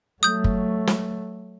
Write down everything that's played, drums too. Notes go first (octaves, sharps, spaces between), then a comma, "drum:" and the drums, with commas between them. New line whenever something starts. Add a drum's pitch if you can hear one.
F#3 A3 D#6 G6
drum: kick F#1
drum: snare